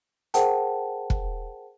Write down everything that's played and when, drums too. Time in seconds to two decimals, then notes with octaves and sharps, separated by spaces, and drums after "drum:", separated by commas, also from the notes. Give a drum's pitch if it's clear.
0.34 G#4 A#4 C5 F#5 G5 A5, drum: hi-hat
1.10 drum: kick